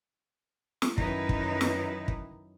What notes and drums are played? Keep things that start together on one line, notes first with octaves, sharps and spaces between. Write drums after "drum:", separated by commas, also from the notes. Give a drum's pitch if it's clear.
drum: snare
F#2 D#3 D#4 E4 B4, drum: kick
drum: kick
drum: snare
drum: kick